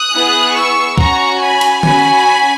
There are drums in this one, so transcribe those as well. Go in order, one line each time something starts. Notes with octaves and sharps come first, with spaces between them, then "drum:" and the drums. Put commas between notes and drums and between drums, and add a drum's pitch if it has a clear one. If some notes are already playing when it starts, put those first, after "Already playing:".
Already playing: D#6 F#6
B3 E4 G#4
C#6 E6
C#4 F#4 A#5 C#6, drum: kick
G#5 B5
drum: cymbal
C#4 F#4 G#5 B5, drum: tom D3